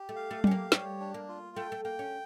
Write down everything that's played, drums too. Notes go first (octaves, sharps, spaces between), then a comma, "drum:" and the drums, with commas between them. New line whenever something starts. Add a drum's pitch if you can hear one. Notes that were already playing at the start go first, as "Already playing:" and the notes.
Already playing: G4
A3
F5
A3
C#4 G4, drum: tom F#3
A#3
G3 C#5, drum: snare
D4
A#3
F4
A3 G5
A3
A#3 G5
C#4